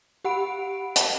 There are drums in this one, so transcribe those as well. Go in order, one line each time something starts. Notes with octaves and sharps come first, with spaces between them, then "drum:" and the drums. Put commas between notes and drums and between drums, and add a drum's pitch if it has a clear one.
G4 F#5 B5 D7
drum: hi-hat